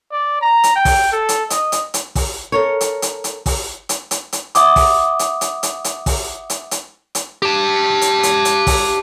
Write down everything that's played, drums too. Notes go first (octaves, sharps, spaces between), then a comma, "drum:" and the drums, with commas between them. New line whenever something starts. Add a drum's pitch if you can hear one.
D5
A#5
drum: hi-hat
G5
drum: kick, open hi-hat
A4
drum: hi-hat
D#5, drum: hi-hat
drum: hi-hat
drum: hi-hat
drum: kick, open hi-hat
A4 A#4 C#5
drum: hi-hat
drum: hi-hat
drum: hi-hat
drum: kick, open hi-hat
drum: hi-hat
drum: hi-hat
drum: hi-hat
E5 F#5 D6 D#6, drum: hi-hat
drum: kick, open hi-hat
drum: hi-hat
drum: hi-hat
drum: hi-hat
drum: hi-hat
drum: kick, open hi-hat
drum: hi-hat
drum: hi-hat
drum: hi-hat
G4 A5
drum: hi-hat
drum: hi-hat
drum: hi-hat
drum: kick, open hi-hat